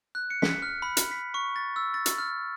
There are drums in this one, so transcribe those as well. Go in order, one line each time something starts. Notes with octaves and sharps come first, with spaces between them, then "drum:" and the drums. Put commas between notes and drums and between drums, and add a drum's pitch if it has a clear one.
F#6
C#7
B6, drum: snare
F6
B5
drum: hi-hat
B6
C#6
A6
E6
A6
drum: hi-hat
F6